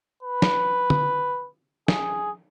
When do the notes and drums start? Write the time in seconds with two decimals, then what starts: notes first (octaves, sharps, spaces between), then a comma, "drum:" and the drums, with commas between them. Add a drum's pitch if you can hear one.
0.23 B4
0.42 drum: snare
0.90 drum: tom
1.88 G#4, drum: snare